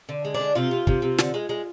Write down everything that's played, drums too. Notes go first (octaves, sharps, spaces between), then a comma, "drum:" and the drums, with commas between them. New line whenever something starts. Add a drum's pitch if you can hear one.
D3
G#3
D4
D3
C3 F4
C3
C3, drum: kick
C3
D3, drum: snare
G#3
G#3